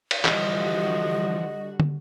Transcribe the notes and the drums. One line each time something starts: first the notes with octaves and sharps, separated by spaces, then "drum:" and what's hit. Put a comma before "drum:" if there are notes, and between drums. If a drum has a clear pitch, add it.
drum: cymbal
D3 E3 F3 G3 F#4 D#5, drum: clap
drum: tom